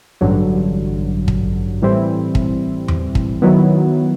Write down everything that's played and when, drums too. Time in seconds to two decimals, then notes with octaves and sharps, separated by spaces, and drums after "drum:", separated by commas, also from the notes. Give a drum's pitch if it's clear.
0.21 A1 G2 D3 F#3
1.28 drum: kick
1.82 A2 E3 G3 C4 E4
2.35 drum: kick
2.88 drum: tom E2
3.15 drum: kick
3.42 D#3 F#3 B3 E4